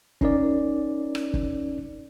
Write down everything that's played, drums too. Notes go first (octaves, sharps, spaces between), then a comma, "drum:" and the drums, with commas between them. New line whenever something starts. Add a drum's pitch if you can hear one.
C#4 D#4 A#4 D5, drum: kick
drum: rim click
drum: kick